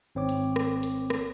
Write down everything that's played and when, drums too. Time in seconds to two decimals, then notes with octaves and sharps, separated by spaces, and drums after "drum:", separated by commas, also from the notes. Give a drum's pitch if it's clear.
0.15 G#1 C4 C#5 D6
0.29 drum: hi-hat
0.56 drum: rim click
0.83 drum: hi-hat
1.10 drum: rim click